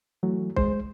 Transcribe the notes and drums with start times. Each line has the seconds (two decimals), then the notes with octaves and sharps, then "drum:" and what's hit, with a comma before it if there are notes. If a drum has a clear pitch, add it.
0.23 E3 F#3 A3
0.57 G#3 C5, drum: kick B1